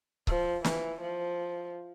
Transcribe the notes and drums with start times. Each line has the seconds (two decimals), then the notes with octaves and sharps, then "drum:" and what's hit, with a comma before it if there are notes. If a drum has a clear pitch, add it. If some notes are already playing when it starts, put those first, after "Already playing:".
0.27 F3, drum: kick C#1
0.64 E3, drum: snare
1.02 F3